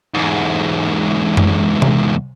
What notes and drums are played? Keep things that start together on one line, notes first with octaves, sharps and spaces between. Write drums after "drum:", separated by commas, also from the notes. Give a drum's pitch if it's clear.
E2 G#2
drum: tom F#2
drum: tom C3